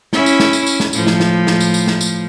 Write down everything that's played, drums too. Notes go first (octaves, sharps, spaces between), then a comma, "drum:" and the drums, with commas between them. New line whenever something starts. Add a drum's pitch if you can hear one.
C#4 E4, drum: snare
drum: tambourine
drum: snare
drum: tambourine
drum: tambourine
drum: snare
A2 F3, drum: tambourine
drum: snare
drum: snare
drum: snare
drum: tambourine
drum: tambourine
drum: snare
drum: tambourine